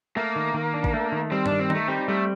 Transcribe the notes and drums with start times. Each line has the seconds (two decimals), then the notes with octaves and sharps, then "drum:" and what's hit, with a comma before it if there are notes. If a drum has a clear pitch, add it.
0.17 A3 A#3
0.36 D#3
0.54 D#3
0.74 D4
0.84 drum: kick A1
0.94 A3
1.12 D#3
1.31 G3 C4
1.46 D4, drum: tom G2
1.51 D#3
1.60 C4
1.70 A3 D#4, drum: tom D#3
1.88 G3 C4
2.08 G3 A3